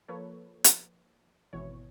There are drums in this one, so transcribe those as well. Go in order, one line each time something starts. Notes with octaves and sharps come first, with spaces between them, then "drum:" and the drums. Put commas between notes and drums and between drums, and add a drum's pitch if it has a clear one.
F3 A#3 A4 B4 C#5
drum: hi-hat
G#1 B2 E3 C#5